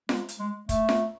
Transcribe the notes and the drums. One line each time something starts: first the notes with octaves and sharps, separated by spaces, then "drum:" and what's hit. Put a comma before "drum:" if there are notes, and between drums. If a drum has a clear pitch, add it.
G#3, drum: snare F4
drum: hi-hat
G#3
A3, drum: kick, hi-hat
drum: snare F4